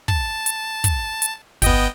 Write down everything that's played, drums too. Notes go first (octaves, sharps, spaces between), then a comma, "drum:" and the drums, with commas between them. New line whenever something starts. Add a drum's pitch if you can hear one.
A5, drum: kick
drum: hi-hat
drum: kick, hi-hat
drum: hi-hat
G1 B3 D#5 G5, drum: kick, hi-hat